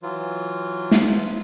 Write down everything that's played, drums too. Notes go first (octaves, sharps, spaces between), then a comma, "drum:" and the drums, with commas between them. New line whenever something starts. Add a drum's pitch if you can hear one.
E3 F#3 F4
drum: snare